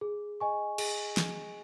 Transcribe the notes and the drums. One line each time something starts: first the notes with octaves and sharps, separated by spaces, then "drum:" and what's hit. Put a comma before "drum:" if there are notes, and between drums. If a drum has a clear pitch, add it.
G#4
D#5 G#5 C#6
G#4, drum: cymbal
drum: snare